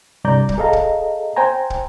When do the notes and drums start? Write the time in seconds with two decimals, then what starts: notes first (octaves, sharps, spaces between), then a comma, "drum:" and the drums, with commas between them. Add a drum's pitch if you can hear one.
0.24 C2 G2 D5 A#5 G6
0.49 drum: kick
0.58 G#4 A4 D#5 F5 A#5
0.73 drum: kick
1.37 C5 G5 G#5 A#5
1.70 drum: kick